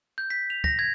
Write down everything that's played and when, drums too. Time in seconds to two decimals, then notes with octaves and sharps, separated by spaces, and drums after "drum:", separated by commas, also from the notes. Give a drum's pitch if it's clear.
0.18 G6
0.30 B6
0.50 F7
0.64 A#6, drum: kick
0.79 G#6